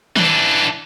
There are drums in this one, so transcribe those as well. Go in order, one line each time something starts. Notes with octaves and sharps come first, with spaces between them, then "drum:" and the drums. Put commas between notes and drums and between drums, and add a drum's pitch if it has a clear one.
E3 D4, drum: tom D#3